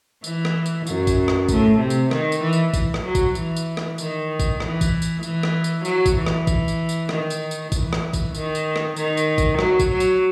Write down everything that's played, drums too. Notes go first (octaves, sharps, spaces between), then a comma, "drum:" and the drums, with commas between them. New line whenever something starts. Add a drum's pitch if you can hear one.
E3, drum: tambourine
drum: rim click
drum: tambourine
F#2, drum: tambourine
drum: kick, tambourine
drum: rim click
A2, drum: kick, tambourine
C3
drum: tambourine
D#3, drum: rim click
drum: tambourine
E3
drum: tambourine
E3, drum: kick, tambourine
drum: rim click
F#3
drum: kick, tambourine
E3, drum: tambourine
drum: tambourine
drum: rim click
D#3, drum: tambourine
drum: kick, tambourine
E3, drum: rim click
drum: kick, tambourine
drum: tambourine
E3, drum: tambourine
drum: rim click
drum: tambourine
F#3, drum: tambourine
drum: kick, tambourine
E3
drum: rim click
drum: kick, tambourine
drum: tambourine
drum: tambourine
D#3, drum: rim click
drum: tambourine
drum: tambourine
E3, drum: kick, tambourine
drum: rim click
drum: kick, tambourine
D#3, drum: tambourine
drum: tambourine
drum: rim click
D#3, drum: tambourine
drum: tambourine
drum: kick, tambourine
F#3, drum: rim click
drum: kick, tambourine
F#3
drum: tambourine